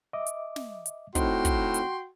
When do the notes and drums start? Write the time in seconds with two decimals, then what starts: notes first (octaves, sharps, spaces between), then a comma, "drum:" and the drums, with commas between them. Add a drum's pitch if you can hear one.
0.13 D#5 E5 D6
0.26 drum: hi-hat
0.56 drum: snare
0.86 drum: hi-hat
1.15 A2 C4 D#4 F#4 G5 C6, drum: kick, hi-hat
1.45 drum: kick, hi-hat
1.74 drum: hi-hat